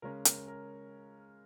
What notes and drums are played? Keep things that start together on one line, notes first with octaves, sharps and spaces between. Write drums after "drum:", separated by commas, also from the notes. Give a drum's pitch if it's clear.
C#3 G#3 C#4 A#4
A#4, drum: hi-hat
A#4